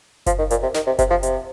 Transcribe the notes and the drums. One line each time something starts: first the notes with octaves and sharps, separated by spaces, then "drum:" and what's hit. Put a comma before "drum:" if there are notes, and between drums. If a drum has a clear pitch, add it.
F3, drum: kick F#1, hi-hat
D#3
A#2, drum: hi-hat
C3
D#3, drum: snare
C3
C3, drum: kick F#1, hi-hat
F3
C3, drum: hi-hat